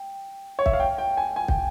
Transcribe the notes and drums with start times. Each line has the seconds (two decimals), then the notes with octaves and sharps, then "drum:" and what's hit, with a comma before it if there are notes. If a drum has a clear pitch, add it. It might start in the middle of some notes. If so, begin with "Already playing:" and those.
Already playing: G5
0.59 C#5
0.66 E5, drum: kick
0.73 F5
0.80 G5
0.98 G5
1.17 G#5
1.36 G#5
1.48 G5, drum: kick